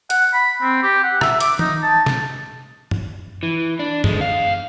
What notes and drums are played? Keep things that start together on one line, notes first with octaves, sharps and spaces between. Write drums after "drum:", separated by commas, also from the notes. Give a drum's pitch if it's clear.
F#5, drum: hi-hat
B5
C4
G4
F#5
E5, drum: rim click
D6, drum: hi-hat
D#4, drum: tom
A5
drum: snare
drum: tom F#2
E3
D4
D3 G#3, drum: tom F#2
E2 F5